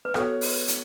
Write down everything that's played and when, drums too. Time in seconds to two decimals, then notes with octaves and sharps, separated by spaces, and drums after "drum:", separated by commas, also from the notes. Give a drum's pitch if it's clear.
0.05 B4
0.14 B3 F#4 A4 C#5, drum: rim click
0.41 drum: open hi-hat
0.68 drum: hi-hat